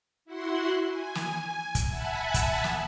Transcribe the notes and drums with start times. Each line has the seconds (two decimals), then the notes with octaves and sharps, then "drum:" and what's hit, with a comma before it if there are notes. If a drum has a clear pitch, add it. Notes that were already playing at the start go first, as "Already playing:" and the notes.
0.25 E4 F#4 F#5 C6
0.86 G#5
1.15 drum: snare
1.75 drum: kick, hi-hat
1.86 E5 F#5 G#5 A5 B5
2.34 drum: kick, hi-hat
2.64 drum: snare